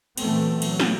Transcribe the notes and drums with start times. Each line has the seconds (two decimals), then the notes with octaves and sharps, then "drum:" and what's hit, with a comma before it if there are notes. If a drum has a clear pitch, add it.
0.18 A#2 E3 F#3 A3 B3 C4, drum: cymbal
0.62 F#3, drum: cymbal
0.80 drum: snare